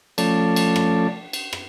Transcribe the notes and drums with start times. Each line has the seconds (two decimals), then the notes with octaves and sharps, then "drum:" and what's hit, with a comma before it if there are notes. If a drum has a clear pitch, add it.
0.18 F3 A3 C#4 A4 D5, drum: cymbal
0.56 drum: cymbal
0.76 drum: rim click
1.33 drum: cymbal
1.53 drum: rim click